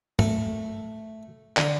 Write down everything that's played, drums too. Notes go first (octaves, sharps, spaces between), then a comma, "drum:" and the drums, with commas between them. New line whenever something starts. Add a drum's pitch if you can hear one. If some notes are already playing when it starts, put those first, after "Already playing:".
A3, drum: tom
D3, drum: clap